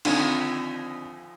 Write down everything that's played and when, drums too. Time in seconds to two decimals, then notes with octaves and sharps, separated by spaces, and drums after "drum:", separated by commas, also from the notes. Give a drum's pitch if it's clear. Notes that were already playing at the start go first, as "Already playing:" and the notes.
0.05 D3 D#3 F3 C4 G#5 D#6, drum: cymbal